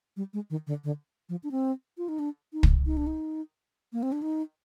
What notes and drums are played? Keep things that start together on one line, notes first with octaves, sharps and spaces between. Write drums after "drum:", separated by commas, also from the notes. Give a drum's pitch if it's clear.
G3
G#3
D#3
D3
D3
F3
D4
C4
F4
D#4
D4
D#4
drum: kick
D#4
D4
D#4
A#3
C4
D4
D#4